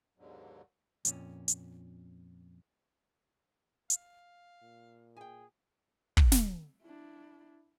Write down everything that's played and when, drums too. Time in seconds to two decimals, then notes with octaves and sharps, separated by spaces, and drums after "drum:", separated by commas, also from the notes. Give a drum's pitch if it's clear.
0.18 D#2 G#2 B2 D3 F#3
1.05 F2 A#2 C#4, drum: hi-hat
1.48 drum: hi-hat
3.90 F5, drum: hi-hat
4.62 A#2
5.17 G#4 G5 G#5
6.17 drum: kick
6.32 drum: snare
6.82 D4 E4